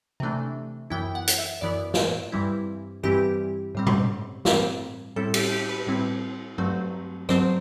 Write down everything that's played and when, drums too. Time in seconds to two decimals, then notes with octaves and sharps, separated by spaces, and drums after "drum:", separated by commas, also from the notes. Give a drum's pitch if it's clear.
0.20 C3 E3 A3 D4
0.90 F#2 E3 B3 E4 G5
1.15 F#5
1.28 drum: hi-hat
1.38 E5
1.61 F#2 E3 B3 E4 D5
1.94 drum: snare
2.32 G2 E3 G3 C4 E4
3.03 G2 E3 G3 C4 E4 G4
3.75 A2 G3 C4
3.87 drum: tom B2
4.45 A2 G3 C4, drum: snare
5.16 A2 G3 C4 E4 A4
5.34 G4, drum: cymbal
5.52 G4
5.69 B4
5.87 A2 G3 C4 E4
6.58 G2 F#3 A3 C4
7.29 G2 F#3 A3 C4 C5, drum: rim click